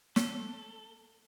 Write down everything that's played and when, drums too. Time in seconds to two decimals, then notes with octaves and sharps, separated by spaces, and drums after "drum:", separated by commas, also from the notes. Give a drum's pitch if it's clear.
0.16 A4, drum: snare